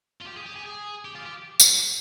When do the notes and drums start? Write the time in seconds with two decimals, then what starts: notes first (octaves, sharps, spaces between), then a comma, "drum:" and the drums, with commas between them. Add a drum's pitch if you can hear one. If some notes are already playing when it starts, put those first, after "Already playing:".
0.21 F4
0.26 G4
0.36 G#4
0.46 G4
0.56 G#4
0.66 G#4
1.05 G4
1.15 F4
1.25 G4
1.60 drum: tambourine